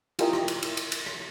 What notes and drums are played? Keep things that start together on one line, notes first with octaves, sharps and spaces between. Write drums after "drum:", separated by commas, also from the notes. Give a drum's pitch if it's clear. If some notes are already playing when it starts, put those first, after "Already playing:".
E4 F4 G4 A#4 D#5 A#5, drum: cymbal
drum: rim click
drum: cymbal
drum: cymbal
drum: cymbal
drum: cymbal
drum: rim click